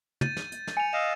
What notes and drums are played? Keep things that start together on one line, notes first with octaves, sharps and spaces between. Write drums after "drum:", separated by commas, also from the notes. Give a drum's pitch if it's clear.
G6 A6 D#7, drum: tom
drum: snare
drum: hi-hat
drum: snare
G#5 C#7 F7
D#5 F5 E6 E7